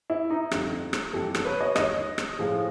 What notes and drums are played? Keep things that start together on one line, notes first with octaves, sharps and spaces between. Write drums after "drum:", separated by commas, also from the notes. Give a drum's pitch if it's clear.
E4
D#4
F2 D3 G3, drum: rim click
drum: rim click
F2 C3 E3 G3 G4 A4
drum: rim click
B4 C#5
C#5 D#5
D#2 D3 G3 C#5 D#5, drum: rim click
drum: rim click
A2 F3 G#3